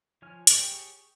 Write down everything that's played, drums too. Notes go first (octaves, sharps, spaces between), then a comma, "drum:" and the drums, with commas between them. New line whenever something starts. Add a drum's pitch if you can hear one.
F3 C#5 G#5 F6
G4 G#4 C#5 G5, drum: hi-hat